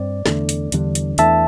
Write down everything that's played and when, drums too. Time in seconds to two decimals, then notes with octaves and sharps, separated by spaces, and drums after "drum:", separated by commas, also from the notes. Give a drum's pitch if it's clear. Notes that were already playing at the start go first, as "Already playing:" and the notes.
Already playing: G2 C4 D5
0.26 E2 D3 A3, drum: snare
0.49 drum: hi-hat
0.72 E2 D3 G3 D4, drum: hi-hat
0.95 drum: hi-hat
1.18 E2 E3 A3 D4 E5 A5, drum: hi-hat